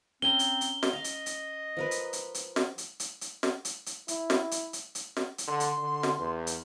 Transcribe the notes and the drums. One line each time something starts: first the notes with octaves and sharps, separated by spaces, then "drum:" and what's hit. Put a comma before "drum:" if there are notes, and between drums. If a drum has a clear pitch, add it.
C4 C#4 G#5 A#5 G7
drum: hi-hat
drum: hi-hat
drum: snare
D#5 F5
drum: hi-hat
drum: hi-hat
F3 A#4 B4
drum: hi-hat
drum: hi-hat
drum: hi-hat
drum: snare
drum: hi-hat
drum: hi-hat
drum: hi-hat
drum: snare
drum: hi-hat
drum: hi-hat
E4, drum: hi-hat
drum: snare
drum: hi-hat
drum: hi-hat
drum: hi-hat
drum: snare
drum: hi-hat
D3 C6
drum: hi-hat
D3
drum: snare
E2
drum: hi-hat